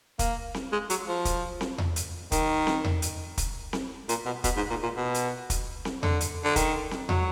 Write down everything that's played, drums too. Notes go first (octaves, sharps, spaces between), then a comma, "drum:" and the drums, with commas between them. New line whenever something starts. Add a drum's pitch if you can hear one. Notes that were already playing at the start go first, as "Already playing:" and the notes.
A#3, drum: kick, hi-hat
drum: snare C4
G#3
F#3, drum: hi-hat
F3
drum: kick, hi-hat
drum: snare C4
drum: tom E2
drum: hi-hat
D#3, drum: kick, hi-hat
drum: snare C4
drum: tom E2
drum: hi-hat
drum: kick, hi-hat
drum: snare C4
A#2, drum: hi-hat
B2
B2, drum: kick, hi-hat
G#2
A#2
A#2
B2
drum: hi-hat
drum: kick, hi-hat
drum: snare C4
D3, drum: tom E2
drum: hi-hat
D3
D#3, drum: kick, hi-hat
drum: snare C4
F#3, drum: tom E2